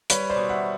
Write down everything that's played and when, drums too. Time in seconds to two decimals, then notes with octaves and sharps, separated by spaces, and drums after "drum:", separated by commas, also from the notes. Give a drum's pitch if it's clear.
0.10 G3 B4 C#5, drum: hi-hat
0.30 C5 D5
0.36 B2
0.49 E5 F#5